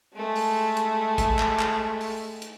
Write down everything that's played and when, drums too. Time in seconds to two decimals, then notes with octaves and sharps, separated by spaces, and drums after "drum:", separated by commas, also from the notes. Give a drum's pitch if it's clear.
0.15 G#3 A3
0.36 drum: open hi-hat
0.77 drum: hi-hat
1.18 drum: kick, hi-hat
1.39 drum: clap
1.59 drum: clap
2.01 drum: open hi-hat
2.42 drum: hi-hat